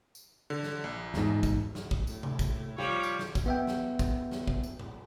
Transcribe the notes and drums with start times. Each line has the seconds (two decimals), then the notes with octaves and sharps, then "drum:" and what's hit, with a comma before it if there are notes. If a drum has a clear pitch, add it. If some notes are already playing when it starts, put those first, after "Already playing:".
0.15 drum: tambourine
0.50 D3
0.63 drum: snare
0.84 A#1
1.14 E2 G#2, drum: snare
1.43 drum: kick, tambourine
1.75 drum: snare
1.91 drum: kick
2.07 A2, drum: tambourine
2.23 drum: tom C3
2.39 drum: kick, tambourine
2.78 F3 G3 F4 C#5 D6
3.03 drum: tambourine
3.19 drum: snare
3.35 drum: kick, tambourine
3.46 B3 E5 G5
3.67 drum: snare
3.99 drum: kick, tambourine
4.31 drum: snare
4.47 drum: kick
4.63 drum: tambourine
4.80 drum: tom A#2